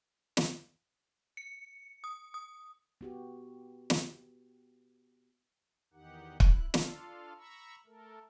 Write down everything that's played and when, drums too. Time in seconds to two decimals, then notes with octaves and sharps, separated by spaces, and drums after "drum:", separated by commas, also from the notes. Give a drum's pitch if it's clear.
0.37 drum: snare
1.37 C#7
2.04 D#6
2.34 D#6
3.01 B3 F#4 G4
3.90 drum: snare
5.93 E2 D#3 D#4 G4 F#5
6.40 E4 F#6, drum: kick
6.74 D4 F4 A4 F5, drum: snare
7.38 A#5 B5 C#6 E6
7.86 A3 A4 A#4